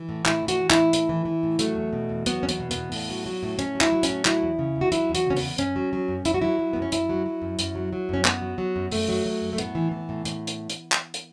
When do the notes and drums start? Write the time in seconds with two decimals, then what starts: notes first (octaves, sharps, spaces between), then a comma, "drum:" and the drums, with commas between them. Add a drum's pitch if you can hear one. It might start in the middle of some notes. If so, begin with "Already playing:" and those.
Already playing: E3
0.09 A2
0.25 A2 E4, drum: clap
0.43 E3
0.48 F#4, drum: hi-hat
0.59 E3
0.70 E4, drum: clap
0.76 A2
0.93 A2, drum: hi-hat
1.09 E3
1.25 E3
1.43 A2
1.59 F#3 A3, drum: hi-hat
1.75 E2
1.93 B2
2.09 E2
2.26 F#3 B3, drum: hi-hat
2.42 E2 C#4
2.49 B3, drum: hi-hat
2.60 B2
2.71 B3, drum: hi-hat
2.76 E2
2.92 A2, drum: open hi-hat
3.10 F#3
3.26 F#3
3.43 A2
3.59 A2 C#4, drum: hi-hat
3.75 F#3
3.81 E4, drum: clap
3.92 F#3
4.03 C#4, drum: hi-hat
4.09 A2
4.25 F#3 E4, drum: clap
4.42 E2
4.59 C#3
4.76 E2
4.81 F#4
4.92 F#3 E4, drum: hi-hat
5.09 E2
5.15 F#4, drum: hi-hat
5.26 C#3 C#4
5.36 B3, drum: open hi-hat
5.42 E2
5.58 F#2 C#4, drum: hi-hat
5.76 F#3
5.93 F#3
6.08 F#2
6.25 F#2 E4, drum: hi-hat
6.34 F#4
6.42 F#3 E4
6.59 F#3
6.73 F#2 B3
6.82 C#4
6.92 F#2 E4, drum: hi-hat
7.09 F#3
7.26 F#3
7.42 F#2
7.59 F#2, drum: hi-hat
7.75 F#3
7.93 F#3
8.09 F#2 C#4
8.25 F#2 B3, drum: clap
8.41 F#3
8.58 F#3
8.76 F#2
8.92 F#2 A3, drum: open hi-hat
9.09 F#3
9.26 F#3
9.42 F#2
9.53 A3
9.58 A2 B3, drum: hi-hat
9.75 E3
9.91 E3
10.09 A2
10.25 A2, drum: hi-hat
10.47 drum: hi-hat
10.70 drum: hi-hat
10.92 drum: clap
11.14 drum: hi-hat